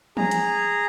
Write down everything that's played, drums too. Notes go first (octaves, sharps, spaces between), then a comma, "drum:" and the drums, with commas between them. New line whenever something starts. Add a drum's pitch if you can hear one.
G#4 A#5, drum: tom E3
drum: hi-hat